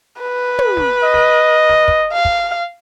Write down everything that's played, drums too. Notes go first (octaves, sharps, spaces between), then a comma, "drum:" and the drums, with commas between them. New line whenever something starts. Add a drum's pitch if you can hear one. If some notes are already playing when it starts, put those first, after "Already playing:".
B4
drum: tom
drum: snare
D#5
drum: snare
drum: snare
drum: kick
F5
drum: kick